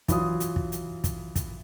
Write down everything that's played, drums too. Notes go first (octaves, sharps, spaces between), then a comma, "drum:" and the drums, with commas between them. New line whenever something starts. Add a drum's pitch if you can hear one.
E3 F#3 F4 D#6, drum: kick, hi-hat
drum: hi-hat
drum: kick
drum: hi-hat
drum: kick, hi-hat
drum: kick, hi-hat